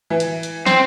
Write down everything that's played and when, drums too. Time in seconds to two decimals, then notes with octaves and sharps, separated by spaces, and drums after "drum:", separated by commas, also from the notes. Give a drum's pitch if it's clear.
0.10 E3
0.20 drum: hi-hat
0.43 drum: hi-hat
0.66 C4, drum: snare